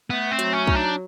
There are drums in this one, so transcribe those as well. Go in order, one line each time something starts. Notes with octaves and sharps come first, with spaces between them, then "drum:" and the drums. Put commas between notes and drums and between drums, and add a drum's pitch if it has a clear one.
A3 B3
C4
F#3, drum: hi-hat
C#4
D#4, drum: kick
D4